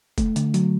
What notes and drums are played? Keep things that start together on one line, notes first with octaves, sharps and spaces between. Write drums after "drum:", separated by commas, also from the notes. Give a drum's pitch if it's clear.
A3, drum: kick, hi-hat
D3, drum: hi-hat
F#3, drum: hi-hat